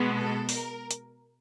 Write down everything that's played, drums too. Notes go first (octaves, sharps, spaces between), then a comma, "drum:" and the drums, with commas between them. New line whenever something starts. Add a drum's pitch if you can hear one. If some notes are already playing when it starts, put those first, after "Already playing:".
Already playing: B2 G#3 B3
A4
A#4, drum: open hi-hat
drum: hi-hat